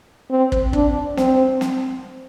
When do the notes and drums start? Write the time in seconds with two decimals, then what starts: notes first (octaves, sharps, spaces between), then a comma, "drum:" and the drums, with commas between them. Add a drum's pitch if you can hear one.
0.31 C4
0.52 drum: kick
0.73 D4, drum: kick
1.17 C4, drum: snare
1.61 drum: snare